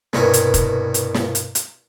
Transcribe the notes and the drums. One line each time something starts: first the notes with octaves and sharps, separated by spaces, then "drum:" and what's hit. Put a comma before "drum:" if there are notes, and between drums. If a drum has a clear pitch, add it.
C2 G2 B2 A#3 C#5 G#5, drum: snare
drum: hi-hat
drum: kick F1, hi-hat
drum: hi-hat
drum: snare
drum: hi-hat
drum: hi-hat